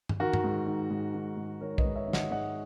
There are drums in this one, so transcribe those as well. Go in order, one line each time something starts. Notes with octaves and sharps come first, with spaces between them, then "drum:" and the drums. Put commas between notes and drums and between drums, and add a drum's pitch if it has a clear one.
drum: tom G2
D#3 F#4 A#4
drum: tom G2
G#2
D#3
G#2
D#3
G#2
D#3 A#4 C#5
B4 D#5, drum: kick
G#2
C#5 E5
D#3
D#5 F#5, drum: snare
G#2 D#5 F#5